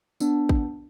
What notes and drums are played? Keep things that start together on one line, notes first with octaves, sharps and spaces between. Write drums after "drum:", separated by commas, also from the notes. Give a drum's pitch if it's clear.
B3 D4, drum: tambourine
drum: kick